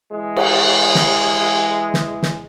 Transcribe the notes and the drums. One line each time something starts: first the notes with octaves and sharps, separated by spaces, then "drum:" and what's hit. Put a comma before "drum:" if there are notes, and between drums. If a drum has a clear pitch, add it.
E3 G#3
drum: cymbal
drum: snare
drum: snare
drum: snare